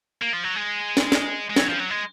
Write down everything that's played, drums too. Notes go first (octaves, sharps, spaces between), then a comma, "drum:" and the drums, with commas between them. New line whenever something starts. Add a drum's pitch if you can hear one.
A#3
F3
F#3
G#3
drum: snare
drum: snare
G#3
F#3, drum: snare
F3
F#3
G#3